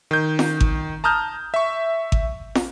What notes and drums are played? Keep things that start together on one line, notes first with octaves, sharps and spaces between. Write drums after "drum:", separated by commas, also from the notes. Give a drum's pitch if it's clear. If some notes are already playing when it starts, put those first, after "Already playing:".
D#3 G6
drum: snare
drum: kick G#1
A5 A#5 D#6 F6 G6
E5 C#6
drum: kick G#1
drum: snare